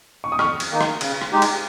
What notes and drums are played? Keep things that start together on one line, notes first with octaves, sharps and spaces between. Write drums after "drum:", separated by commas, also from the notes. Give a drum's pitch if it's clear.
C#6
D#6
F2 C#6 F6, drum: rim click
drum: cymbal
D#3 A#3 D#4
drum: rim click
C#3, drum: cymbal
drum: rim click
G#3 D#4 G4
drum: cymbal